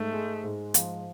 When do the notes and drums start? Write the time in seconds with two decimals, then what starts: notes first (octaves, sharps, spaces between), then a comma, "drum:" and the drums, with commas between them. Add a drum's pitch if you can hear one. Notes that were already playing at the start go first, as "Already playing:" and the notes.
Already playing: G#2 A3
0.13 G#3
0.43 G#2
0.74 F3, drum: hi-hat